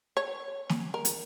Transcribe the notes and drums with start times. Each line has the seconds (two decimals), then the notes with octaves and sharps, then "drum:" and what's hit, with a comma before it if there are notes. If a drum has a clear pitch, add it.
0.17 C#5
0.69 drum: snare
0.94 A#4
1.05 drum: hi-hat